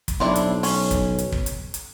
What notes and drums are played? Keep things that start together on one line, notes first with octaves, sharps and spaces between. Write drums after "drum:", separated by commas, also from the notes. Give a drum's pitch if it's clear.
drum: kick, hi-hat
B1 C4 D4 E4
drum: hi-hat
C#4, drum: open hi-hat
drum: kick, hi-hat
drum: hi-hat
drum: kick
drum: hi-hat
drum: hi-hat